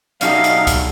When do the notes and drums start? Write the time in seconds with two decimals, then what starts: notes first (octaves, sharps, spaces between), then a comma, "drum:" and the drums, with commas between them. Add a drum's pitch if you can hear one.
0.21 B1 G3 C#4 D#4 F#4 A4 E5 F5, drum: hi-hat
0.44 drum: hi-hat
0.67 drum: kick C#2, hi-hat